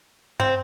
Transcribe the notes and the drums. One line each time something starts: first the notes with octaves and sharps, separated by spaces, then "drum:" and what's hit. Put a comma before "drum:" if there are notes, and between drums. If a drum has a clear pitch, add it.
C4, drum: tom F#2